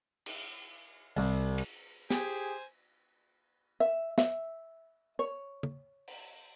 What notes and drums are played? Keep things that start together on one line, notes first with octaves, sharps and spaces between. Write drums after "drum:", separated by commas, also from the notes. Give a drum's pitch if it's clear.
drum: cymbal
C2, drum: open hi-hat
drum: cymbal
G4 G#4 C5 G#5, drum: snare
E5
E5, drum: snare
C#5
drum: tom
drum: open hi-hat